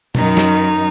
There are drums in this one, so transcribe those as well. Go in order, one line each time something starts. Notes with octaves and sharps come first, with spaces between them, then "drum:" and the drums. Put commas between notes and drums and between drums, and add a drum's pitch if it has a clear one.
F#2 D#3 F#3 D#4, drum: tom B2
drum: snare